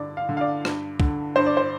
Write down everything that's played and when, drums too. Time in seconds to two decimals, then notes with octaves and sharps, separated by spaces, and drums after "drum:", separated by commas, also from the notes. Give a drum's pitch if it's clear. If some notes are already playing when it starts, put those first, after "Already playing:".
Already playing: G2 D3 D5
0.17 F5
0.29 D3
0.37 F5
0.41 D5
0.65 G2, drum: rim click
1.00 D3, drum: kick
1.36 G2 C5
1.46 D5
1.57 C5